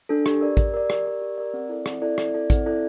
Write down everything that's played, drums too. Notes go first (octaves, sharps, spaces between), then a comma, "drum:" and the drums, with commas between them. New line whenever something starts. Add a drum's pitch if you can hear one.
D4 A4
G4, drum: rim click
A#4 D5
G4, drum: kick, hi-hat
A#4 D5
G4, drum: rim click
A#4 D5
G4
A#4 D5
C4
E4 A4 D5
C4, drum: rim click
E4 A4 D5
C4, drum: rim click
E4 A4 D5
C4, drum: kick, hi-hat
E4 A4 D5